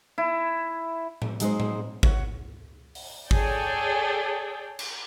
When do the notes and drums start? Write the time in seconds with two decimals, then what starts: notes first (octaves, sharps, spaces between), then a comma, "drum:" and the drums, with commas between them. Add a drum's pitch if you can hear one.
0.18 E4
1.22 drum: tom A2
1.40 F#3 G#3 D#4 C5, drum: hi-hat
1.60 drum: tom A2
2.03 C#5 F#5, drum: kick G#1
2.95 drum: open hi-hat
3.31 G#4 A4 C#5 D5 G5, drum: kick G#1
4.79 drum: cymbal